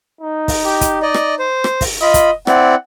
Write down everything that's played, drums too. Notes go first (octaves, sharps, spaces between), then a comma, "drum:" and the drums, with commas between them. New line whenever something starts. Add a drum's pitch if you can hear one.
D#4
drum: kick, open hi-hat
G4
drum: kick, hi-hat
D5 D#5
drum: rim click
C5
drum: rim click
drum: kick, open hi-hat
F4 D#5 B5
drum: kick, hi-hat
C4 E4 D5 F#5, drum: rim click